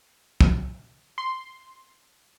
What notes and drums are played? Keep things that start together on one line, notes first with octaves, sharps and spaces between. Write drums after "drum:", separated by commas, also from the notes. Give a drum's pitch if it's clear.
drum: kick
C6